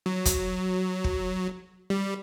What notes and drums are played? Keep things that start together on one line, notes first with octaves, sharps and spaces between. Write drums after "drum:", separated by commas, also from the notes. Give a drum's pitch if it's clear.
F#3
drum: kick, hi-hat
drum: kick
G3